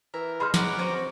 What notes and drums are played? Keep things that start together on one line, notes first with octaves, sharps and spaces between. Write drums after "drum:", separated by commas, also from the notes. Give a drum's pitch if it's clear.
E3 A#4 E5
D#4 G#4 A4 B5 C6 F6
G#3 C#4 F#5 A#5 D6, drum: snare
C4 C#4 F#4 C5